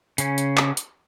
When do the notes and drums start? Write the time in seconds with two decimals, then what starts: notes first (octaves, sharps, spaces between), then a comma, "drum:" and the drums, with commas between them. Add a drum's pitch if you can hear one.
0.18 C#3 C#4, drum: hi-hat
0.38 drum: hi-hat
0.58 drum: clap
0.77 drum: hi-hat